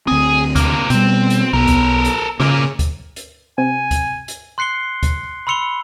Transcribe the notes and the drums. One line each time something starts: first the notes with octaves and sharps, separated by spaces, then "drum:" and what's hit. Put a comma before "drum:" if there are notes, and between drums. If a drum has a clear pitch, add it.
D2 C4 G#4
C3 A#3, drum: kick D2, hi-hat
B2 G3 C4, drum: hi-hat
drum: hi-hat
B1 B3 A4 A#4
drum: kick D2, hi-hat
drum: hi-hat
A#2 C#3 A#3, drum: snare
drum: kick D2, hi-hat
drum: hi-hat
C3 G#5
drum: kick D2, hi-hat
drum: hi-hat
C6 F#6 C7 C#7 G7
drum: kick D2, hi-hat
B5 C6 E6 C#7 F7 G7